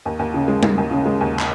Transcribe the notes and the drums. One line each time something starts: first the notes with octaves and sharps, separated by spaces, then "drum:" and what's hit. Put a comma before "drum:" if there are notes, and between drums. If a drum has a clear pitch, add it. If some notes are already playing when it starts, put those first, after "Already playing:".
D#2
D#2
C#3
G#3
D#2, drum: tom G3
D#2
C#3
G#3
D#2
drum: clap